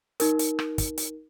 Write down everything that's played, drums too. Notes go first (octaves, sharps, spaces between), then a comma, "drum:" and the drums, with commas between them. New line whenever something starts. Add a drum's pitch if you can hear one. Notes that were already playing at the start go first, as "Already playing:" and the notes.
D#4 A#4, drum: hi-hat
drum: hi-hat
drum: rim click
drum: kick, hi-hat
drum: hi-hat